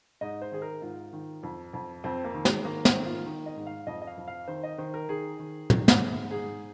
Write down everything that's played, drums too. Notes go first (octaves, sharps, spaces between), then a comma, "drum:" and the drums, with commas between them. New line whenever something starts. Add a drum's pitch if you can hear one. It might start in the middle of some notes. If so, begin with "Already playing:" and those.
G#2 D#5
C5
D#3 G#4
A#4
G#2 F4
D#3
F2
F2
F2 C4
A#3
D#3
G#3, drum: snare
D#3 A#3
C4, drum: snare
D#3
F4
D#3
D#5
G#2
F5
F2 D#5
D#5
F5
F2
F5
D#3 C5
D#5
D#3 C5
A#4
D#3 G#4
D#3
D#3, drum: tom
drum: snare
G#2
G#2 G#4